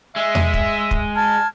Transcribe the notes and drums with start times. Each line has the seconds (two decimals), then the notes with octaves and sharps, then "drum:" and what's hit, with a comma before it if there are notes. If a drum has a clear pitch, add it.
0.16 G#3 E5
0.35 drum: tom E2
0.54 drum: kick
0.91 drum: kick
1.16 A5 F6 G#6